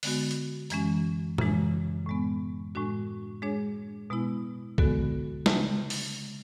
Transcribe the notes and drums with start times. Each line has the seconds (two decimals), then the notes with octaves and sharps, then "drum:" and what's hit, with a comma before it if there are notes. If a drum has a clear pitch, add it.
0.03 D3 G#3 B3 F#4, drum: open hi-hat
0.31 drum: hi-hat
0.70 F#2 E3 G#3 C#4, drum: hi-hat
1.38 F#2 C#3 E3 G#3 D4, drum: tom A2
2.06 A2 G#3 B3
2.75 A2 G#3 D4 F#4
3.42 G#3 D4 G#4 C#5
4.10 B2 G#3 B3 E4
4.78 D3 G#3 B3 F#4 A4, drum: kick B1
5.46 C#3 G#3 D4, drum: snare
5.90 drum: open hi-hat